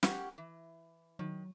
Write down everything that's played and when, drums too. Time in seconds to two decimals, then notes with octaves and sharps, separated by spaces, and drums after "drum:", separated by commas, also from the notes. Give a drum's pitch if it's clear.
0.03 C#4 G4 F#5, drum: snare
0.38 E3
1.19 D#3 F#3